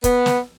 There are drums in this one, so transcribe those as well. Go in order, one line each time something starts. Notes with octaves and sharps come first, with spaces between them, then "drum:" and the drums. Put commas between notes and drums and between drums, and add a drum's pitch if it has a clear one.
B3, drum: kick, hi-hat
drum: snare